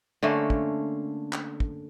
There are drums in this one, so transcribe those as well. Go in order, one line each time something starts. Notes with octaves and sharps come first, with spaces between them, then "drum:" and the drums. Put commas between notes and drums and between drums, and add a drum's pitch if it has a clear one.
D3 A3 A#3 C#4
drum: kick
drum: clap
drum: kick